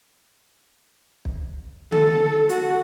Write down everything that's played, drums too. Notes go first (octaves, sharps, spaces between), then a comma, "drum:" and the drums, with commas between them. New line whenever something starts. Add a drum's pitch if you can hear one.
drum: kick
A4, drum: tom D3
F#4, drum: hi-hat